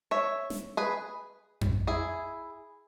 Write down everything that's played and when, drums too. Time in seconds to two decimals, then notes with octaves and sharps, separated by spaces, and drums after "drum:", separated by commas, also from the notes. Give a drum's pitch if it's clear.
0.11 C#5 E5
0.50 drum: snare
0.77 G#4 B4
1.61 drum: tom F2
1.87 E4 G#4